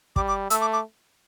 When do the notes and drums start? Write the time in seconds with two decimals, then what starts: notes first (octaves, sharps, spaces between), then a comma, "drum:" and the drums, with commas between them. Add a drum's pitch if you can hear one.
0.16 G3 D6, drum: kick
0.28 D6
0.50 A3 E6, drum: hi-hat
0.61 D6
0.73 D6